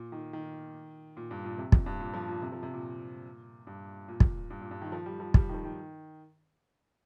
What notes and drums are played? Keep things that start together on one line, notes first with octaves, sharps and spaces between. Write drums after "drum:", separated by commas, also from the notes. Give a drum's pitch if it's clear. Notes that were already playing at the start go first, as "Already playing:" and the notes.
Already playing: A#2
D#3
D#3
A#2
G2
A#2
C3
A#2, drum: kick
G2
A#2
F3
A#2
C3
F3
C3
A#2
G2
A#2
drum: kick
G2
A#2
G2
D#3
F3
G3
F3
G3, drum: kick
D#3
F3
D#3